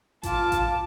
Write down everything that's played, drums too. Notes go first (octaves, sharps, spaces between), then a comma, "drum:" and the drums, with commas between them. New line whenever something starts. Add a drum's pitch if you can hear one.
F4 A5 D6, drum: kick A1, hi-hat
drum: kick A1, hi-hat